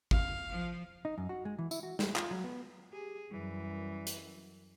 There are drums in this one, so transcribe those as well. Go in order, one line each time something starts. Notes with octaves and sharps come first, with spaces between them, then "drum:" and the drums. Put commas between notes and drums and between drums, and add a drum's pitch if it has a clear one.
F5, drum: kick G#1
F3
D#4
F#2
F#4
G#3
E3
E4, drum: tambourine
F#4
G3, drum: snare
F4, drum: clap
F#3
B3
G4 G#4
F#2 E3 G3
drum: hi-hat